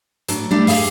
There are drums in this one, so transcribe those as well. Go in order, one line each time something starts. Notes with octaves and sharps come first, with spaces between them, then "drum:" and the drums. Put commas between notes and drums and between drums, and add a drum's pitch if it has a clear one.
A2 F#3 D4, drum: hi-hat
G3 A3 D4 E4 D5
F2 G4 G#4 E5 F5, drum: open hi-hat